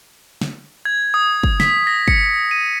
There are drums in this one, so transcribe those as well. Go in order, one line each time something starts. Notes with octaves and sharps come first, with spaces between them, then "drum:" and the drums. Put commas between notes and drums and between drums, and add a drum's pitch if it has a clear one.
drum: snare
G#6
D#6
drum: kick
B6, drum: snare
A#6
C#7, drum: kick
D#7